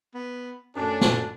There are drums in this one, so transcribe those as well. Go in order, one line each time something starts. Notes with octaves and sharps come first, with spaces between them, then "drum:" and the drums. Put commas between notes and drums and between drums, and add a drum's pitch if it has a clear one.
B3
F#2 A2 C#4 D4
drum: snare